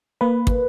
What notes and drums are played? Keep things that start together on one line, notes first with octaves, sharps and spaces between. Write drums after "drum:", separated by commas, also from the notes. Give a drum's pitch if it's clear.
A#3 B4
drum: kick